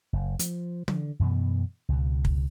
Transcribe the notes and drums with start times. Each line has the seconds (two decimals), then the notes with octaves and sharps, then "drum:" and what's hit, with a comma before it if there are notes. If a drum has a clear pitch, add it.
0.13 F#1
0.39 F3, drum: hi-hat
0.88 D3, drum: tom
1.20 F#2 B2 E3 B3
1.89 C#2 B2
2.25 drum: kick